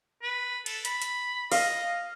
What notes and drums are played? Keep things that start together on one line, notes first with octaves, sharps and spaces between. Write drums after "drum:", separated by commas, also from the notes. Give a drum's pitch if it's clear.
B4
A4, drum: cymbal
B5, drum: hi-hat
drum: hi-hat
D#5 F5, drum: open hi-hat